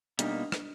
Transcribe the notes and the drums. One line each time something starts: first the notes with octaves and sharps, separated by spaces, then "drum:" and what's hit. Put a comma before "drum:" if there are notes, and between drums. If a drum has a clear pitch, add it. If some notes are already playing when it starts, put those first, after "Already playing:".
B2 G3 A#3 D4 D#4, drum: hi-hat
drum: rim click